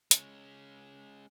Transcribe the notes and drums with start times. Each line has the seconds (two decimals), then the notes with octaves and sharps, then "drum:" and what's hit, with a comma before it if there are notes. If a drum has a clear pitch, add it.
0.11 G#3 C#4, drum: hi-hat